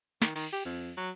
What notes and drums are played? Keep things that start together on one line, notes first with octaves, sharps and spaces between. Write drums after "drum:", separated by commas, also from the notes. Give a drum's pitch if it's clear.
D#3, drum: snare
D#3, drum: cymbal
G4, drum: open hi-hat
F2
F#3